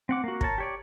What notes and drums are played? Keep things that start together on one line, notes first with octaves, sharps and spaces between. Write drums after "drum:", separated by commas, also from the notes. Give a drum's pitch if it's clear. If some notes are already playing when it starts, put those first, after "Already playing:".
C4 F#5 D6
A#3 F#4
A#4 C#5 A5, drum: kick
G4 C#5 D5